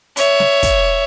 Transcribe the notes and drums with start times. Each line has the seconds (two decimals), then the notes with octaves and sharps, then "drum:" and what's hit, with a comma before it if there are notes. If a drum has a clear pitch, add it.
0.17 C#5 E5, drum: hi-hat
0.40 drum: snare
0.63 drum: kick, hi-hat